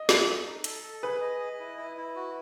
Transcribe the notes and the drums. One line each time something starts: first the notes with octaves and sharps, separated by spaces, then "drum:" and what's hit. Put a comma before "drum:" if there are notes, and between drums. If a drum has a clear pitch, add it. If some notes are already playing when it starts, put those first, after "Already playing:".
Already playing: D#5
E5, drum: snare
A4
D#4
A4, drum: hi-hat
A4
G#4 B4
D#5
D#5
E4
E4
E4
F#4